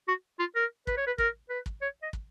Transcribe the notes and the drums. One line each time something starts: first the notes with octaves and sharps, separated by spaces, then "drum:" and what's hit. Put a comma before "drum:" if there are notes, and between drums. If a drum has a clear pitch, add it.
F#4
F4
A#4
B4, drum: kick
C#5
B4
A#4, drum: kick
B4
drum: kick
C#5
D#5
drum: kick